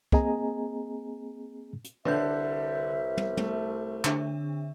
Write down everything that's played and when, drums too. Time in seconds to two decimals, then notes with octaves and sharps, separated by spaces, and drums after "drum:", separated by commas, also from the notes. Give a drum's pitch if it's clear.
0.12 A#3 C4 G#4 D#5 G#5 A#5, drum: kick
1.84 drum: hi-hat
2.05 F2 D3 B4 C#5 E5 G6
2.20 C2
3.17 drum: tom
3.37 A3, drum: tom
4.04 D3 D4 E5, drum: clap